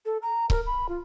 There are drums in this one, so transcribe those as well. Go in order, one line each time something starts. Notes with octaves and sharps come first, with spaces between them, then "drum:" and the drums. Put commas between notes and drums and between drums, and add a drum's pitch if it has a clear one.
A4
A#5
A#4, drum: kick C#1
B5
F4